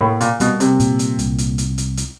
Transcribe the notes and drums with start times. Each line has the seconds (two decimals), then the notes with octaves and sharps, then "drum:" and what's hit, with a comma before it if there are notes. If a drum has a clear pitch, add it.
0.01 A2 A#3
0.21 A#2, drum: hi-hat
0.40 B2 G3, drum: hi-hat
0.60 C3, drum: hi-hat
0.80 A#2, drum: hi-hat
0.99 drum: hi-hat
1.19 C2, drum: hi-hat
1.38 drum: hi-hat
1.58 drum: hi-hat
1.78 drum: hi-hat
1.97 drum: hi-hat